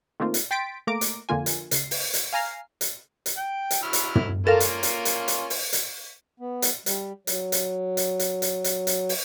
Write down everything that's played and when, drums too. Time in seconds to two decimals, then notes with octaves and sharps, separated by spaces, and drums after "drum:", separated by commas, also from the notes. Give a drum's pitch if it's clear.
0.20 D#3 A3 A#3 C4 F4
0.34 drum: hi-hat
0.51 G5 C6 A6 B6 D7
0.87 A3 A#3 A#5 D6 D7
1.01 drum: hi-hat
1.29 F2 D3 A#3 F4 G#5
1.46 drum: hi-hat
1.71 C#2 C7, drum: hi-hat
1.91 drum: open hi-hat
2.13 drum: hi-hat
2.33 F5 G#5 A#5 F6 C7
2.81 drum: hi-hat
3.26 drum: hi-hat
3.37 G5
3.71 drum: hi-hat
3.83 F#3 E4 F6
3.93 drum: hi-hat
4.15 drum: tom
4.47 A#3 C#4 F4 A4 A#4 F5
4.60 drum: hi-hat
4.83 drum: hi-hat
5.05 drum: hi-hat
5.28 drum: hi-hat
5.50 drum: open hi-hat
5.73 drum: hi-hat
6.40 B3
6.62 drum: hi-hat
6.86 G3, drum: hi-hat
7.27 F#3, drum: hi-hat
7.52 drum: hi-hat
7.97 drum: hi-hat
8.19 drum: hi-hat
8.42 drum: hi-hat
8.64 drum: hi-hat
8.87 drum: hi-hat
9.09 drum: open hi-hat